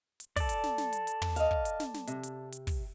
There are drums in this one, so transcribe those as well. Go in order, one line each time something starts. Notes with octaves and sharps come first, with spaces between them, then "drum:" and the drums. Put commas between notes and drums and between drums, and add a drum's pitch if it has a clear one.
drum: hi-hat
A4 D5, drum: kick, open hi-hat
drum: hi-hat
drum: snare
drum: snare
drum: hi-hat
drum: hi-hat
drum: tom
D#5 F5, drum: hi-hat
drum: kick
drum: hi-hat
drum: snare
drum: snare
C3, drum: hi-hat
drum: hi-hat
drum: hi-hat
drum: kick, open hi-hat